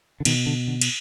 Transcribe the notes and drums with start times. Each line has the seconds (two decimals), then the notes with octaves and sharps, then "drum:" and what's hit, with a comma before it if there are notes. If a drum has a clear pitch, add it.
0.20 D3
0.25 B2 D#3, drum: cymbal
0.46 D3
0.68 D3
0.81 drum: cymbal